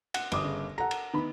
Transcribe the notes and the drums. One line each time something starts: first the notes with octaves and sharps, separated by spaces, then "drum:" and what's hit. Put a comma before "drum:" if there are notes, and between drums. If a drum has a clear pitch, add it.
F#5, drum: cymbal
G1 G3 D6 D#6, drum: cymbal
C#3
A4 F#5 A#5
drum: cymbal
D#3 B3 B5